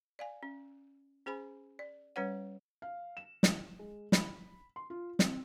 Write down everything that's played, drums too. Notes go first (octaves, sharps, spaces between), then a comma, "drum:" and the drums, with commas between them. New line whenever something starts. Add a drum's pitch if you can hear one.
D5 F5 G#5
C#4
C#4 G#4 C5 G#5 B5
D5
G3 C#4 B4 C#5 F#5
F5
E7
drum: snare
G#3
B5, drum: snare
C6
F4
C4, drum: snare